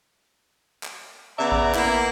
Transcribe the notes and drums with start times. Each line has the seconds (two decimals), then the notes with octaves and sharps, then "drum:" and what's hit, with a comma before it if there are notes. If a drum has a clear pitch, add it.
0.83 drum: clap
1.38 C#3 B3 D5 E5 A#5
1.52 drum: kick A1
1.75 A#3 B3 E4, drum: clap